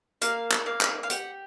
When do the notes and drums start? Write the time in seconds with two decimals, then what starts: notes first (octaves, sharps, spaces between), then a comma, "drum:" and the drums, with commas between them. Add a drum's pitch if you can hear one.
0.22 A#3 F5, drum: hi-hat
0.51 drum: clap
0.66 A#3 F5
0.81 drum: clap
1.03 F5
1.10 G4 F#5, drum: hi-hat